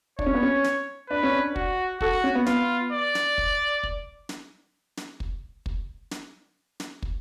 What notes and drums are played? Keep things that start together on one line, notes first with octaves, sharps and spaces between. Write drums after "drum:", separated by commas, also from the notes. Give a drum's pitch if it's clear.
D4 C#5, drum: kick
C#4
B3
C#4
drum: snare
D4 B4
C#4
D4
F#4, drum: kick
F#4 A4, drum: kick
C#4
B3
B3 F4, drum: snare
D5
drum: snare
drum: kick
drum: kick
drum: snare
drum: snare
drum: kick
drum: kick
drum: snare
drum: snare
drum: kick